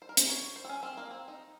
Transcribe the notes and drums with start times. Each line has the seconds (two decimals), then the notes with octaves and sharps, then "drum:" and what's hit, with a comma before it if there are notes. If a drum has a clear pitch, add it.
0.02 C5
0.09 A#4
0.17 C5, drum: hi-hat
0.29 C#5
0.56 C5
0.64 C4
0.69 C#4
0.83 C4
0.97 A#3
1.11 C4
1.28 D#4